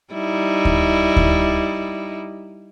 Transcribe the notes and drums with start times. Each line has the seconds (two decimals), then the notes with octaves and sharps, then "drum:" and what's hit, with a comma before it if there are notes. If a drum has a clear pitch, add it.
0.14 G3 D#4 E4
0.65 drum: kick D2
1.16 drum: kick D2